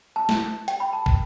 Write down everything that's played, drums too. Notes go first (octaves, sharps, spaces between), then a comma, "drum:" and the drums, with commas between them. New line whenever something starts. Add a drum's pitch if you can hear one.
A5
drum: snare
G5, drum: hi-hat
B5
A5
drum: kick